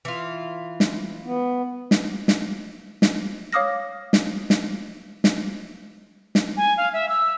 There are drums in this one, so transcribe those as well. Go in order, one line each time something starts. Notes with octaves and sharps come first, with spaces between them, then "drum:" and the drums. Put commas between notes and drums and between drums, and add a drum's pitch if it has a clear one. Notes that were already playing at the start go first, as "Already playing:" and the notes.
E3 F4
drum: snare
B3
drum: snare
drum: snare
drum: snare
C#5 F5 D6 D#6 F6 A#6
drum: snare
drum: snare
drum: snare
drum: snare
G#5
F5
E5
E6